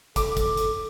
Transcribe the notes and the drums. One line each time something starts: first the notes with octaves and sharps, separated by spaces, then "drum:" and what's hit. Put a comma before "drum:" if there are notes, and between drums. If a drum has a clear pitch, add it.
A4 D6, drum: kick, hi-hat
drum: kick, hi-hat
drum: hi-hat